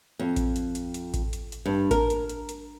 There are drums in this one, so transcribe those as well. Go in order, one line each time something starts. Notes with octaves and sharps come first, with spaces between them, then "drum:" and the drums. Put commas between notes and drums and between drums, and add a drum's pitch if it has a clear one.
F2
drum: kick A1, hi-hat
drum: hi-hat
drum: hi-hat
drum: hi-hat
drum: kick A1, hi-hat
drum: hi-hat
drum: hi-hat
G2
A#4, drum: kick A1, hi-hat
drum: hi-hat
drum: hi-hat
drum: hi-hat